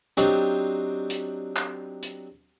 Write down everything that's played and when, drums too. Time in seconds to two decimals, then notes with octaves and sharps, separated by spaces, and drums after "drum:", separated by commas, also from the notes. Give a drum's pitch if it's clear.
0.17 F#3 C4 D4 D#4 F#4 G4, drum: hi-hat
1.10 drum: hi-hat
1.56 drum: clap
2.03 drum: hi-hat